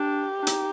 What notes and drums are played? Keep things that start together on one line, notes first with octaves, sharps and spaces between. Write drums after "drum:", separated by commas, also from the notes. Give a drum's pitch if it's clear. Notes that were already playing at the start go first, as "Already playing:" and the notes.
Already playing: D4 G4
D4
D#4, drum: hi-hat